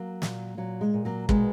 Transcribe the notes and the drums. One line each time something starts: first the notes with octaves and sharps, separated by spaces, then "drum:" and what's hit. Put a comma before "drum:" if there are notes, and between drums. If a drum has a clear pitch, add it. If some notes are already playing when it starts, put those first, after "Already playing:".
Already playing: F#3 A#3
A#2, drum: snare
A#2 F#3
G#3
A#2
F#3 A#3
B2 G#3 B3, drum: kick